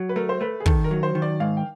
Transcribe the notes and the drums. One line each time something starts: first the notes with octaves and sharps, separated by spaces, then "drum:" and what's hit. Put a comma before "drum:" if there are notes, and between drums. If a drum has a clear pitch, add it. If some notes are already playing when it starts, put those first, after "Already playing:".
Already playing: F#3
B4
A3 A#4
C5
A3 B4
G#4
D#3 A4, drum: kick
A#4
F#3
C5
D#3
D5
G#2 F5
G5